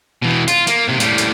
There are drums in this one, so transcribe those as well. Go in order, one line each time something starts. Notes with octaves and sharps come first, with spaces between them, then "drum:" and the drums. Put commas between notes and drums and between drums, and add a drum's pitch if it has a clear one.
B2 E3
F4, drum: hi-hat
A#3, drum: hi-hat
G#2 C3
A2 G3, drum: hi-hat
drum: hi-hat